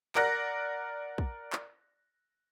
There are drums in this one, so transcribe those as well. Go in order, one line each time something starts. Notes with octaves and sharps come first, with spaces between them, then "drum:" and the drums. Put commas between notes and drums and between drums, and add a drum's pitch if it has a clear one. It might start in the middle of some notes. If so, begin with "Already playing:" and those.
A#4 D5 F#5 F#6 A#6, drum: clap
drum: kick
drum: clap